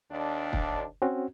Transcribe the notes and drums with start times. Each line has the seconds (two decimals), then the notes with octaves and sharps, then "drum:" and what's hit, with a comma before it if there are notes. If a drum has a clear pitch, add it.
0.11 D#2 D4
0.53 drum: kick
1.02 C4 C#4 F#4